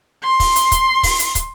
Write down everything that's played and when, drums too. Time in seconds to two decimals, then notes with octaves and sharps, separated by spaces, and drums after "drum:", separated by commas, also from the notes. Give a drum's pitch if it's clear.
0.24 C6
0.40 drum: kick, open hi-hat
0.56 drum: hi-hat
0.72 drum: kick, hi-hat
1.03 drum: kick, open hi-hat
1.19 drum: hi-hat
1.35 drum: kick, hi-hat